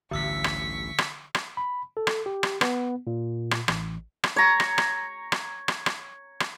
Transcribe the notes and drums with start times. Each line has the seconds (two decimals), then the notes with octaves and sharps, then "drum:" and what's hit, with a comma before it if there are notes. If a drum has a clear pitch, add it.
0.11 A1 D2 G2 D3 C#6 E6 B6
0.44 drum: rim click
0.98 drum: rim click
1.35 drum: rim click
1.57 B5
1.97 A4
2.07 drum: rim click
2.26 G4
2.43 drum: rim click
2.61 B3, drum: rim click
3.07 A#2
3.51 drum: rim click
3.68 A1, drum: rim click
4.24 drum: rim click
4.36 C#5 A#5
4.60 drum: rim click
4.78 drum: rim click
5.32 drum: rim click
5.68 drum: rim click
5.86 drum: rim click
6.40 drum: rim click